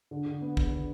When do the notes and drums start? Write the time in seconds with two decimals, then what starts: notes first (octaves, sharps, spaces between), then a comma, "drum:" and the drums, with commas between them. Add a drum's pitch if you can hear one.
0.11 D3
0.26 D3
0.42 B3
0.57 E2, drum: kick
0.73 D3